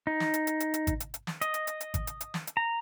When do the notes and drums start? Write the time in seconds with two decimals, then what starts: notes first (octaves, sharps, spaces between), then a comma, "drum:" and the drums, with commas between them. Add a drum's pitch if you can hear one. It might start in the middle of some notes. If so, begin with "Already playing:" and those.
0.07 D#4
0.20 drum: snare
0.34 drum: hi-hat
0.47 drum: hi-hat
0.60 drum: hi-hat
0.74 drum: hi-hat
0.87 drum: kick G#1, hi-hat
1.00 drum: hi-hat
1.14 drum: hi-hat
1.27 drum: snare
1.41 D#5, drum: hi-hat
1.54 drum: hi-hat
1.67 drum: hi-hat
1.81 drum: hi-hat
1.94 drum: kick G#1, hi-hat
2.07 drum: hi-hat
2.21 drum: hi-hat
2.34 drum: snare
2.47 drum: hi-hat
2.57 A#5